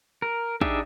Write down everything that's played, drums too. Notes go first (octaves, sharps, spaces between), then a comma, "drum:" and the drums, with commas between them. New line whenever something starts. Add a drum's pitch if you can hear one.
A#4
D4 D#4 G4 G#4 E5, drum: kick A1